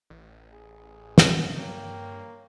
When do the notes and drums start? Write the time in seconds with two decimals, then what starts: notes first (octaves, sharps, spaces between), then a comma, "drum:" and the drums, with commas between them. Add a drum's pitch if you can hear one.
0.10 A1
0.53 G#4
1.18 drum: snare
1.56 G2 A#3 C#5 G5